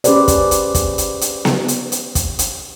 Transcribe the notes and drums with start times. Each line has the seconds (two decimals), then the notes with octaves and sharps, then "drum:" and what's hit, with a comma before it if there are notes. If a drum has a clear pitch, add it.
0.04 C#4 G4 G#4 B4 C5 D5, drum: hi-hat
0.28 drum: kick, hi-hat
0.51 drum: hi-hat
0.75 drum: kick, hi-hat
0.98 drum: hi-hat
1.21 drum: hi-hat
1.45 drum: snare B3
1.68 drum: hi-hat
1.92 drum: hi-hat
2.15 drum: kick, hi-hat
2.39 drum: hi-hat